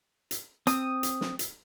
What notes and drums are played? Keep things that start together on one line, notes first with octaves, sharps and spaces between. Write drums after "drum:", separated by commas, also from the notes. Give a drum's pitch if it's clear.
drum: hi-hat
C4 D#6, drum: hi-hat
drum: hi-hat
drum: snare
drum: hi-hat